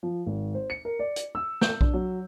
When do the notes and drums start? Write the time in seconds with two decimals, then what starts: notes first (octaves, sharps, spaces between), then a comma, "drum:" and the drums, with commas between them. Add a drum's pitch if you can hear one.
0.03 F3
0.27 G#1
0.54 C5
0.70 C#7
0.85 A#4
0.99 D5
1.16 drum: hi-hat
1.35 E6
1.61 G6, drum: snare
1.81 D4, drum: kick B1
1.93 F#3